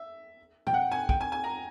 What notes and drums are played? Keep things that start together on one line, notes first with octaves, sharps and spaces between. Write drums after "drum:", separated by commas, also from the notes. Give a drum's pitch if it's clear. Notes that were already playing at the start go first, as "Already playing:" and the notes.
Already playing: E5
G5, drum: tom
F#5
G#5
G5, drum: kick B1
G#5
G#5
A#5